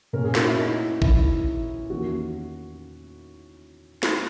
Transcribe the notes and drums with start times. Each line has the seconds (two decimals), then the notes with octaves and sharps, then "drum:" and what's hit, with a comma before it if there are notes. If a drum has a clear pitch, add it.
0.13 A#2 A#3 C#4 A#4
0.24 G#4
0.35 F#4, drum: snare
0.47 E4
0.57 D#4
1.02 E4, drum: kick A1
1.90 E2 D#3 A#3 C#4 F#4
4.03 drum: snare